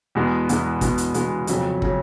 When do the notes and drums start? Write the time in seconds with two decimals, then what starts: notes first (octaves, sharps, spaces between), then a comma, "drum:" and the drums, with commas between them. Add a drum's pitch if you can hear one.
0.15 E2 B2 G#3 B3
0.49 E2 B2 G#3 B3, drum: hi-hat
0.81 E2 B2 G#3 B3, drum: kick, hi-hat
0.98 drum: hi-hat
1.14 E2 B2 G#3 B3, drum: hi-hat
1.47 F2 C#3 F#3, drum: hi-hat
1.82 C#3 F#3, drum: kick